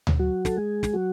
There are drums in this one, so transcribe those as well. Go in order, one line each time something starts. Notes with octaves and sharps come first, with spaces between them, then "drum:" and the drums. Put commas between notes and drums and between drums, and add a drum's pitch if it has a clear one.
drum: tom D2
F#3 F#4
A4, drum: snare
G#3 G#4
drum: snare
F#3 F#4